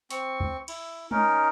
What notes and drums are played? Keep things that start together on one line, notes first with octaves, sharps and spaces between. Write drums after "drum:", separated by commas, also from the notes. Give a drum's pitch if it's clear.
C4 C#6, drum: hi-hat
drum: kick C#2
E4, drum: cymbal
C#4 D#4 A#4, drum: tom G#3